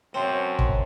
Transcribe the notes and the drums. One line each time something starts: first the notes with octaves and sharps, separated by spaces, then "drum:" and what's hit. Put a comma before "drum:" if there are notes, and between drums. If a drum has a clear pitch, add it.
F#2 C4 C5 C#5 A5
drum: kick